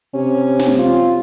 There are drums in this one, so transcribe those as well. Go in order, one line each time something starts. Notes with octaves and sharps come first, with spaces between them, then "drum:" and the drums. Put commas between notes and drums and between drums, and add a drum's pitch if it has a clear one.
C3 C#4
drum: snare
F4